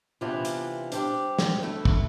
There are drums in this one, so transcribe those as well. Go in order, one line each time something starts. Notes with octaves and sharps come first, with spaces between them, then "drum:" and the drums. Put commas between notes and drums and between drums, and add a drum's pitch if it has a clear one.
C3 E3 B3 D4 F4
drum: hi-hat
G3 D4 G4 C5, drum: hi-hat
drum: snare
D3 A3 E4 A4
drum: kick